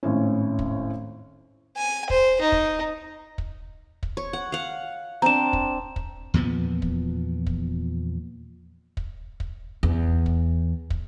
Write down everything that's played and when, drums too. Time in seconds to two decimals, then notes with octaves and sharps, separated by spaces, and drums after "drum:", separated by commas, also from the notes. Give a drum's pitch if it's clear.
0.03 G#1 A2 C#4
0.59 drum: kick
1.77 G#5
2.10 C5, drum: kick
2.41 D#4
2.52 drum: kick
3.38 drum: kick
4.03 drum: kick
4.17 C#5
4.33 F#5
4.52 F5 F#5
5.22 C4 D4 A#5 E7
5.53 drum: kick
5.96 drum: kick
6.34 E2 A#2 F3 B3
6.82 drum: kick
7.47 drum: kick
8.97 drum: kick
9.40 drum: kick
9.83 E2
10.26 drum: kick
10.90 drum: kick